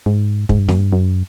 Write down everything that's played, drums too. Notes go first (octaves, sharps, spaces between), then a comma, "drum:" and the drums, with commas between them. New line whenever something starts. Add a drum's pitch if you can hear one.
G#2
G#2, drum: kick
G2
F#2, drum: snare
G2
F#2